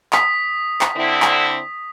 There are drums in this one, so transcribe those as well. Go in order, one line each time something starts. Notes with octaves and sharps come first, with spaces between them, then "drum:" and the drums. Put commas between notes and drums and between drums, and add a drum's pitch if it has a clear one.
D#6 B6, drum: clap
drum: clap
D3 C4 E4
drum: clap